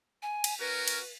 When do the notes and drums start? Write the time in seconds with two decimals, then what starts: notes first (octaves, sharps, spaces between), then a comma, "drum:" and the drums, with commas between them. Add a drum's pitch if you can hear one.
0.22 G#5
0.44 drum: cymbal
0.60 C#4 F#4 A#4 B4
0.88 drum: cymbal